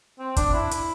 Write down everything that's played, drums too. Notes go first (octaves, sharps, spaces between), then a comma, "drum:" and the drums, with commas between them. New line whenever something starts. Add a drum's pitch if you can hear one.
C4
D4, drum: kick, hi-hat
E4
drum: hi-hat